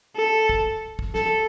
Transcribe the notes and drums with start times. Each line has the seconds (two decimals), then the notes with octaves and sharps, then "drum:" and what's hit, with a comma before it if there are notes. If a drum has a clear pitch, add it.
0.16 A4
0.49 drum: kick
0.99 drum: kick
1.15 A4, drum: snare